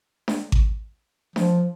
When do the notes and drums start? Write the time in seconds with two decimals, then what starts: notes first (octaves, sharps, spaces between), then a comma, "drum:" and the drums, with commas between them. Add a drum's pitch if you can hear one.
0.28 drum: snare D4
0.52 drum: kick G#1
1.36 F3, drum: snare D4